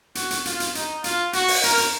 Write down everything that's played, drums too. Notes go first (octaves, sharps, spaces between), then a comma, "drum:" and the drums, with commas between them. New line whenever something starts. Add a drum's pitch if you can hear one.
F#4, drum: hi-hat
drum: hi-hat
F4, drum: hi-hat
drum: hi-hat
D#4, drum: hi-hat
F4, drum: hi-hat
F#4, drum: hi-hat
drum: open hi-hat
A#4, drum: hi-hat
drum: hi-hat